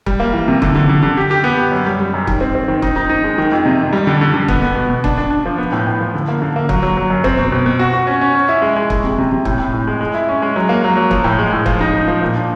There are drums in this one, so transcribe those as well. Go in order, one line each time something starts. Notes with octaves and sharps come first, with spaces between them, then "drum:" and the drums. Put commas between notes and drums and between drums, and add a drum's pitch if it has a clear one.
G3, drum: kick C#1
A#3
E3
C3
D3, drum: kick C#1
D3
D3
D3
G4
G4
B3
G4
F#2
G3
G3
F#2
D#3, drum: kick C#1
C4
C4
D#3
D#4, drum: kick C#1
D#4
D#4
G#3
D#3
F2
C3
F2
G3
D3
D3
D3
B3, drum: kick C#1
B3
B2
B2
D4, drum: kick C#1
D4
D4
F3
B3
A2
A2
F3
D3
A#3
D3
A#3
F#3, drum: kick C#1
F#3
F#3
F#2
C4, drum: kick C#1
B2
B2
B2
F#4
F#4
C#4
C#4
C#4
E4
G#3
G#3
G#3, drum: kick C#1
C3
C3
C3
A2, drum: kick C#1
A2
A2
G#3
G#3
E4
C#4
G#3
F#3
A#3
F#3
F#3
F3, drum: kick C#1
A2
G#3
A2
F3, drum: kick C#1
D#4
D#4
F3
A#2
D4